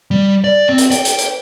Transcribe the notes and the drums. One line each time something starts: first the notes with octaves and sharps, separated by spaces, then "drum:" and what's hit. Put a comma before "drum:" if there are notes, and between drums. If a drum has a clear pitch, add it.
G3
D5
C4
drum: hi-hat
G5, drum: hi-hat
drum: hi-hat
drum: hi-hat